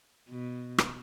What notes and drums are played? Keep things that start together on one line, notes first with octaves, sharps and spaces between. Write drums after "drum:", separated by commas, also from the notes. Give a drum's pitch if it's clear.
B2
drum: rim click